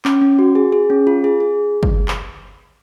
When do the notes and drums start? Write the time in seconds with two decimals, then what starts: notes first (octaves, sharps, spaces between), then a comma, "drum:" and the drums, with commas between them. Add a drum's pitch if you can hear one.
0.05 C#4 D6, drum: clap
0.22 C#4
0.39 F#4
0.55 G#4
0.72 G#4
0.90 C#4
1.07 F4
1.24 G#4
1.40 G#4
1.83 drum: kick
2.08 drum: clap